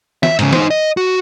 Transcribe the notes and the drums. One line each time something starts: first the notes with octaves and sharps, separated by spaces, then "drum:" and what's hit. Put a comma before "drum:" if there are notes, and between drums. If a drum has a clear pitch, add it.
E5, drum: snare
G#2 C#3, drum: hi-hat
D#4 C5, drum: snare
D#5
F#4